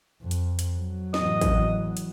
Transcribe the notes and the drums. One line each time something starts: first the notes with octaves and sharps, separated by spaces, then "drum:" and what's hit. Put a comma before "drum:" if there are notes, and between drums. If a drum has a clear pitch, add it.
F2
drum: hi-hat
drum: hi-hat
F#3
E2 A2 D#5, drum: snare
drum: kick, hi-hat
drum: hi-hat